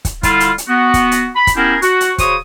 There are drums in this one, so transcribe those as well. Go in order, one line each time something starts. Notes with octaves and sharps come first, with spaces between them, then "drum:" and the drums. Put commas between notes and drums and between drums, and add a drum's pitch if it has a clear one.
drum: kick, hi-hat
D3 G3 E4 F4, drum: kick, hi-hat
drum: hi-hat
drum: hi-hat
B3 F#4
drum: kick, hi-hat
drum: hi-hat
B5
drum: kick, hi-hat
B3 C#4 E4 G4 G#4 A#4
F#4, drum: hi-hat
drum: hi-hat
C#3 F#4 C5 C#5 D#6, drum: kick, hi-hat